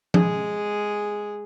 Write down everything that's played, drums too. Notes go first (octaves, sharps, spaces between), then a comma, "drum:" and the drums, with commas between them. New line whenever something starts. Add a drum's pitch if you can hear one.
G#3 G#4, drum: tom F3